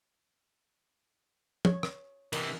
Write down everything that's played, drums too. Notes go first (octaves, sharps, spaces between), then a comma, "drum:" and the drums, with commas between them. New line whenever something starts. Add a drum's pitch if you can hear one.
C#5, drum: tom
drum: rim click
C3 E3 A#4 D#5, drum: cymbal